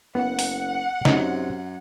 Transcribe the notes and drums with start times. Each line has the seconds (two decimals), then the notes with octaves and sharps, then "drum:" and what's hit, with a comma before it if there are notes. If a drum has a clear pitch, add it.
0.15 F#1 B3 F#5
0.39 drum: open hi-hat
1.05 F#2 C3 D#4, drum: snare